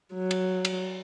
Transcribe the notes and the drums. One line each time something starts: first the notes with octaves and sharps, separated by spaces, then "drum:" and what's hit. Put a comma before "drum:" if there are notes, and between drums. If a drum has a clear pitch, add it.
F#3
drum: cymbal
drum: cymbal